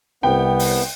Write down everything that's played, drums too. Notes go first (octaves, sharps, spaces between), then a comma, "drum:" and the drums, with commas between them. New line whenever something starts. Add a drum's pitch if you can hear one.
C2 B3 G5
drum: open hi-hat